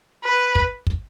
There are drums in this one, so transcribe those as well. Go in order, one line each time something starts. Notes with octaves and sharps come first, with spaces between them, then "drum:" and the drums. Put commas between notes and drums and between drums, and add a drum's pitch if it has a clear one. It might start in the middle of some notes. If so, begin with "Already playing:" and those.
B4
drum: kick
drum: kick